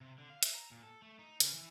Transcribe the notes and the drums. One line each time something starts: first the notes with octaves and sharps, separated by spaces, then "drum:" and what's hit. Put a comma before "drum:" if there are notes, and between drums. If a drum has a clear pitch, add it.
C3
D3
F5
E5, drum: hi-hat
A#5
A#2
A4
A3
D#4
C#3, drum: hi-hat
E3